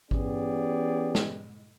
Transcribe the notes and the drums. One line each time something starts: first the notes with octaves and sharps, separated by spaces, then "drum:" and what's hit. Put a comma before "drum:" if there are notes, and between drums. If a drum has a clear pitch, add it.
E3 B3 C#4 G4 G#4 D5, drum: kick G#1
drum: snare